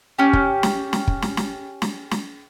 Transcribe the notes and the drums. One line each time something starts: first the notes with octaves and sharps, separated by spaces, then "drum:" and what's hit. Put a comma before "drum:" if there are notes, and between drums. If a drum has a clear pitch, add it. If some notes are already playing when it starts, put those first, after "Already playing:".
C#4 G4
drum: kick
drum: snare
drum: snare
drum: kick
drum: snare
drum: snare
drum: snare
drum: snare